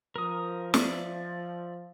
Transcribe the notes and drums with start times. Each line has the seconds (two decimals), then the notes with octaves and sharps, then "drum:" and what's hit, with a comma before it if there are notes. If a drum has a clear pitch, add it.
0.16 F3 A#4 D#6
0.74 D5 E5, drum: snare